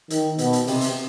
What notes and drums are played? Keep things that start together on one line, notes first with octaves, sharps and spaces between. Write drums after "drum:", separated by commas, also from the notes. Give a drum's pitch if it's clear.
D#3, drum: hi-hat
B2, drum: hi-hat
drum: hi-hat
C3, drum: open hi-hat
drum: hi-hat